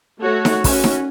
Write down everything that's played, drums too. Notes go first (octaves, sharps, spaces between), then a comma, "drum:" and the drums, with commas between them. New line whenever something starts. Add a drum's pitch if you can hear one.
A3 F#4 C#5
drum: snare D#4
C#4 F#4, drum: kick, open hi-hat
drum: snare D#4